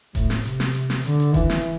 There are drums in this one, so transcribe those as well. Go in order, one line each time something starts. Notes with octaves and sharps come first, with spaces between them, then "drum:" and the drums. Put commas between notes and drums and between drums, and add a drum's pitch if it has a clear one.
A2, drum: kick E1, hi-hat
drum: snare
C3, drum: hi-hat
drum: snare
drum: hi-hat
drum: snare
D3, drum: hi-hat
drum: hi-hat
E3, drum: kick E1, hi-hat
drum: snare